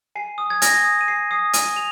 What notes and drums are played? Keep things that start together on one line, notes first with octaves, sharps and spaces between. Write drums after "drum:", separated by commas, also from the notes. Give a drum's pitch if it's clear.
G#5 C7
D#6
G#6
G#5 A#6, drum: hi-hat
D#6
D#7
G#5 C7
D#6 C7
G#5 D#7, drum: hi-hat
F7